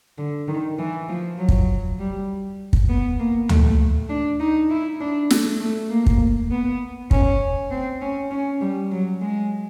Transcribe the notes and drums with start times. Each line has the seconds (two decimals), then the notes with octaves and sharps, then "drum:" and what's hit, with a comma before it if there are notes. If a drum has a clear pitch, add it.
0.18 D3
0.48 D#3
0.79 E3
1.09 F3
1.38 F#3
1.49 drum: kick
1.99 G3
2.73 drum: kick
2.89 B3
3.19 A#3
3.49 A3, drum: tom D2
4.09 D4
4.40 D#4
4.70 E4
5.00 D4
5.30 A3, drum: snare
5.60 A3
5.90 A#3
6.06 drum: kick
6.50 B3
7.11 C#4, drum: kick
7.71 C4
8.01 C#4
8.31 C#4
8.61 G3
8.91 F#3
9.22 G#3